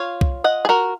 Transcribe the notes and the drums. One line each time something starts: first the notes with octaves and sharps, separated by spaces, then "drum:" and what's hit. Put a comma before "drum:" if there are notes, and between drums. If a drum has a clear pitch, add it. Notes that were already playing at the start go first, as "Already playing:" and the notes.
Already playing: F4 C#5 F5
drum: kick C2
D#5 F#5
G#4
F#4 A#4